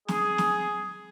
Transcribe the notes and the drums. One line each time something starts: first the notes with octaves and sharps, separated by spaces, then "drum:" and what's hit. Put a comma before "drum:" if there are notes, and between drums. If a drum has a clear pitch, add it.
G#4, drum: snare
drum: snare